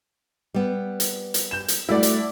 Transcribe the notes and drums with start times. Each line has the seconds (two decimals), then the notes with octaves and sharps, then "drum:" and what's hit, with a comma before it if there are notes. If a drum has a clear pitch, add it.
0.54 G3 B3
1.00 drum: hi-hat
1.34 drum: hi-hat
1.51 G6 E7
1.68 drum: hi-hat
1.89 G3 A3 E4 F#4 D5
2.03 drum: hi-hat